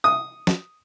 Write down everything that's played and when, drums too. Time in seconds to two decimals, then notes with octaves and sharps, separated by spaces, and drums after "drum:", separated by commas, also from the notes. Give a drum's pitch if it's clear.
0.04 D#6
0.47 drum: snare